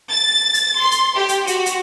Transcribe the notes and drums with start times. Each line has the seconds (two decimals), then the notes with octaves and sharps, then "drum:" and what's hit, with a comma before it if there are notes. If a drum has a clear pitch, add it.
0.11 A6
0.54 drum: hi-hat
0.80 C6
0.91 drum: hi-hat
1.17 G4
1.29 drum: hi-hat
1.47 F#4, drum: hi-hat
1.66 drum: hi-hat